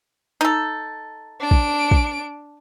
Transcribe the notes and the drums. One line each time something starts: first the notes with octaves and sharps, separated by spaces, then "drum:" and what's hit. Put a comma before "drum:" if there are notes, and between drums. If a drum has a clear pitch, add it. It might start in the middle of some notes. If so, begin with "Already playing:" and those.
D#4 A4
D4 D7
drum: kick
drum: kick